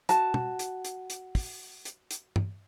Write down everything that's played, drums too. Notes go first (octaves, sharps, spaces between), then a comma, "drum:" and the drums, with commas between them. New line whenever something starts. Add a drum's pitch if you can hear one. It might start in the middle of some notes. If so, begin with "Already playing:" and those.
F#4 A5, drum: hi-hat
drum: tom
drum: hi-hat
drum: hi-hat
drum: hi-hat
drum: kick, open hi-hat
drum: hi-hat
drum: hi-hat
drum: tom